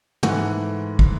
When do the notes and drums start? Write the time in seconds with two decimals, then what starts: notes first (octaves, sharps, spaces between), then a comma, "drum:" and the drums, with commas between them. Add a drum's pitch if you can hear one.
0.23 G#2 E3 A3 F#5, drum: tom
0.99 drum: kick